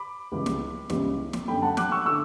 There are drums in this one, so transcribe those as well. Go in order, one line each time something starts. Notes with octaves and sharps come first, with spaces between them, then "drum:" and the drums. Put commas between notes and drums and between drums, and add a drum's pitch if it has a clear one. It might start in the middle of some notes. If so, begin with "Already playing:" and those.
Already playing: B5 D6
C#2 C#3 E3 G3
drum: snare
C#2 C#3 E3 G3, drum: snare
drum: snare
F#2 D3 A3 G5 B5
F#5 A5
D6 F#6, drum: snare
C#6 E6
D3 A3 C#6 E6